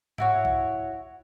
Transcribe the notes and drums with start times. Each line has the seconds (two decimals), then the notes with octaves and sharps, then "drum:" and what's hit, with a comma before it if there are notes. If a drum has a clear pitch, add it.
0.18 E4 F#4 C#5, drum: tom G#2
0.45 drum: kick B1